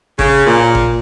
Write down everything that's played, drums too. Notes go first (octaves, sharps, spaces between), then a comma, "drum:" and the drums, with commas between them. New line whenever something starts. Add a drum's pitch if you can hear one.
C#3, drum: kick G#1
A#2
drum: kick G#1